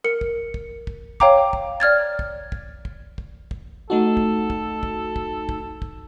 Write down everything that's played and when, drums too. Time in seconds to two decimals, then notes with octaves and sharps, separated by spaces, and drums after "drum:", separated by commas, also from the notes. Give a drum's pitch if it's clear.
0.04 A#4 C#7
0.21 drum: kick
0.54 drum: kick
0.87 drum: kick
1.20 C#5 F5 G5 A#5 D6, drum: kick
1.53 drum: kick
1.80 D5 F6 G#6 A6
2.19 drum: kick
2.52 drum: kick
2.85 drum: kick
3.18 drum: kick
3.51 drum: kick
3.90 A3 D#4 F#4 A4
4.17 drum: kick
4.50 drum: kick
4.83 drum: kick
5.16 drum: kick
5.49 drum: kick
5.82 drum: kick